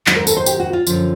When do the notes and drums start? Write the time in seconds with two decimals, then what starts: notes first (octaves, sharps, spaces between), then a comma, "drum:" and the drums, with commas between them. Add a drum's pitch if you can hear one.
0.06 G#2 D#3 F#3, drum: clap
0.16 A#4
0.27 A4, drum: tambourine
0.37 C5
0.46 G4, drum: tambourine
0.60 F#4
0.73 F4
0.87 F#2 D3 F3, drum: tambourine